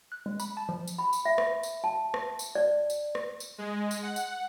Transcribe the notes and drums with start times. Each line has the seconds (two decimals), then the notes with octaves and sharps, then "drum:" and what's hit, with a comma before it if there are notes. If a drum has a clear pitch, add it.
0.12 F#6
0.26 G#3
0.40 B5, drum: tambourine
0.57 A5
0.69 F3
0.88 drum: tambourine
0.98 B5
1.13 drum: tambourine
1.25 E5
1.38 drum: rim click
1.63 drum: tambourine
1.84 A5
2.14 drum: rim click
2.39 drum: tambourine
2.55 D5
2.90 drum: tambourine
3.15 drum: rim click
3.40 drum: tambourine
3.58 G#3
3.91 drum: tambourine
4.03 F#5
4.16 drum: tambourine